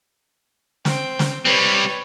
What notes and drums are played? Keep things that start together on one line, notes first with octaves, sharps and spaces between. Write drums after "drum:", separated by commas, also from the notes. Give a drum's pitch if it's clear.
C4 G5, drum: snare
drum: snare
G3 C4 B4 C#5